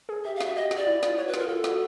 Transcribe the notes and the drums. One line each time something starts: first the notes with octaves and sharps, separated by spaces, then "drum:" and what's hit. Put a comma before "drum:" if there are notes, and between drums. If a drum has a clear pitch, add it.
G#4
G4 E5
F5
F#4 E5, drum: snare
G4 D#5
F#4, drum: snare
D5
E4
F4, drum: snare
F#4 C#5
B4
F4 A#4, drum: snare
F4 A4
F#4, drum: snare